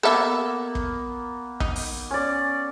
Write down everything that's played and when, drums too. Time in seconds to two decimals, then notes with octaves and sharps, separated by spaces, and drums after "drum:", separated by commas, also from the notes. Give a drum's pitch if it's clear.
0.03 A#3 B3 A4 E5
0.75 drum: kick
1.60 D#4, drum: kick
1.76 drum: open hi-hat
2.11 C#4 D5